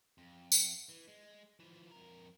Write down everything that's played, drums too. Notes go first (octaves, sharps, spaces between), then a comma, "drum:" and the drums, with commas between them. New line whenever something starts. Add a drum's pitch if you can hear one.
F2
drum: tambourine
E3
G#3
E3 F3
F2 A#4